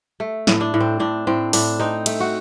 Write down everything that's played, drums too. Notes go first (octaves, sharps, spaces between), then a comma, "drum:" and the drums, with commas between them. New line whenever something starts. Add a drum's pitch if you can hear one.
A3
A2, drum: snare
D4
A2
C4
A2 D4
A2 C4
A2 D4, drum: open hi-hat
C4 D#4
A3, drum: cymbal
F#4